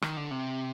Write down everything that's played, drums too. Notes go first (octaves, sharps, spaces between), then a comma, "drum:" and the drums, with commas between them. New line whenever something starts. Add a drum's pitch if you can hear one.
D#3, drum: rim click
D3
C3